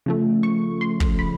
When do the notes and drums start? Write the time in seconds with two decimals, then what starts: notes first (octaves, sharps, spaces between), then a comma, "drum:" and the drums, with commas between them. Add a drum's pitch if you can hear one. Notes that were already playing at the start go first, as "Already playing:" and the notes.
0.06 C#3 F3 A3
0.43 C#6
0.81 C6
1.00 drum: kick
1.19 B5